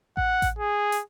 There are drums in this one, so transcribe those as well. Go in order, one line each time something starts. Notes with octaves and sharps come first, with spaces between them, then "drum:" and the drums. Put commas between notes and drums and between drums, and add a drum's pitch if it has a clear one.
F#5, drum: kick A1
drum: kick A1, hi-hat
G#4
drum: hi-hat